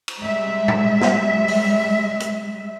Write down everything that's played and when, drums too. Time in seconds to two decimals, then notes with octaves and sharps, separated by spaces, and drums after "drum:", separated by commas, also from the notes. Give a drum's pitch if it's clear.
0.08 drum: cymbal
0.19 G3 G#3 E5
0.68 drum: tom
1.01 drum: snare
1.48 drum: open hi-hat
2.20 drum: hi-hat